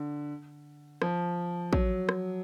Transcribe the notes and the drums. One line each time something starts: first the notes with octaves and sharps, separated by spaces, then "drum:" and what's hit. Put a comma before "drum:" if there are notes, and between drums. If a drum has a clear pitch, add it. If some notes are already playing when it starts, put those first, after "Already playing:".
Already playing: D3
F3, drum: rim click
F#3, drum: kick
drum: rim click